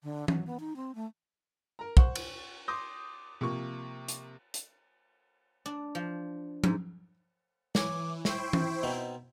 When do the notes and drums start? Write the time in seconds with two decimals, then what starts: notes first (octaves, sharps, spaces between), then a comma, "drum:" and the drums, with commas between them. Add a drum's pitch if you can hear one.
0.03 D3
0.28 F#3, drum: tom E3
0.47 B3
0.60 D#4
0.76 C4
0.95 A3
1.79 A#4 A#5
1.97 C5 F#5 C#6, drum: kick
2.15 drum: cymbal
2.68 C6 D6 D#6 G6 A#6
3.41 C3 F3 A#3 C#6
4.08 drum: hi-hat
4.54 drum: hi-hat
5.66 D4
5.95 F3
6.64 G#2, drum: tom F3
7.75 E3 C#5 G#5 D6, drum: snare
8.25 E4 C5 G5 C#6, drum: snare
8.53 drum: tom E3
8.83 B2 C4 D#4